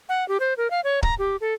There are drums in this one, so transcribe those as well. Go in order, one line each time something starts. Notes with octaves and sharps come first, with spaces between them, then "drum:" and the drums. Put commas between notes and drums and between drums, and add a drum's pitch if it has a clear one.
F#5
G4
C5
A#4
F5
C#5
A#5, drum: kick C#1
G4
A4